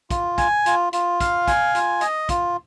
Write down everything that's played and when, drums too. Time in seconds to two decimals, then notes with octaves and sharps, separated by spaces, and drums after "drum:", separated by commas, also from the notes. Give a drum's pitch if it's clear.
0.10 F4, drum: kick, hi-hat
0.38 G#5, drum: kick, hi-hat
0.66 F4, drum: hi-hat
0.93 F4, drum: hi-hat
1.20 F5, drum: kick, hi-hat
1.48 G#5, drum: kick, hi-hat
1.75 F4, drum: hi-hat
2.01 D#5, drum: hi-hat
2.29 F4, drum: kick, hi-hat